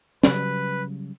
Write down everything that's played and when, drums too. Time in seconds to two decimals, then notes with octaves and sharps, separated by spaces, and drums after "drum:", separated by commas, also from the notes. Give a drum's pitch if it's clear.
0.23 C#3 F#3 G3 B4, drum: snare